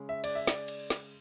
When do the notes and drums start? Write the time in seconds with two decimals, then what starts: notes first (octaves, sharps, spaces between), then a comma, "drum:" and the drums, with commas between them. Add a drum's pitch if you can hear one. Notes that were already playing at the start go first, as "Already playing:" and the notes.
Already playing: C#3 G#3 C#4
0.09 E5
0.24 D5, drum: cymbal
0.35 E5
0.47 D5, drum: snare
0.68 drum: cymbal
0.90 drum: snare